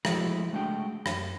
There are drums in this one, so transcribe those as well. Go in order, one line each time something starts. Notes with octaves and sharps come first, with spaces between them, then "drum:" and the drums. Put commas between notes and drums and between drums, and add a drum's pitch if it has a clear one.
F3 G#3 A3 E4 F#4 G#4, drum: rim click
G#3 A3 D4 F#4 G#4 G5
F#2, drum: rim click